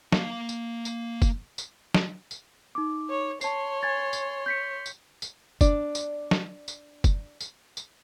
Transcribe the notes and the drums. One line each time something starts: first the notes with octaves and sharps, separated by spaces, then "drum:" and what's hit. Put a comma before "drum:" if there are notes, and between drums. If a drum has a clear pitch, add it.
A#3 F5, drum: snare
drum: tambourine
drum: tambourine
drum: kick F#1, tambourine
drum: tambourine
drum: snare
drum: tambourine
D#4 D6
C#5
C#5 A5 C6 C7, drum: tambourine
G#5 G#6 A6
drum: tambourine
G6 B6 C#7
drum: tambourine
drum: tambourine
D4 D5, drum: kick F#1, tambourine
drum: tambourine
drum: snare
drum: tambourine
drum: kick F#1, tambourine
drum: tambourine
drum: tambourine